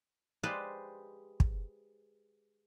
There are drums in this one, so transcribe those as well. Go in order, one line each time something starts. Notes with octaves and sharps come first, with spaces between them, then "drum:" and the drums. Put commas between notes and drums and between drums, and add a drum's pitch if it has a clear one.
G#3 G4 B4 C5 D5 F5
drum: kick